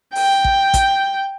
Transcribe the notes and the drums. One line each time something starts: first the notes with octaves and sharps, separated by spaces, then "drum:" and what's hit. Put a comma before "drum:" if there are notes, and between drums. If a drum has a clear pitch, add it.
G5, drum: open hi-hat
drum: kick
drum: kick, hi-hat